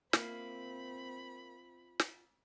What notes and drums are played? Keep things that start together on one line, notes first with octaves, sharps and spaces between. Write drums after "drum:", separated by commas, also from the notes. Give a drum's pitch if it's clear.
A#3 C4 F4 E5 B5, drum: snare
drum: snare